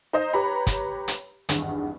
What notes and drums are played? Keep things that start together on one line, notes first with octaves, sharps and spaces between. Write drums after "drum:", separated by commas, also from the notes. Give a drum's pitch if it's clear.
D#4 C5 D#5
G4 B4 C#5 A#5 B5
drum: kick, hi-hat
drum: hi-hat
G#1 E2 G2, drum: hi-hat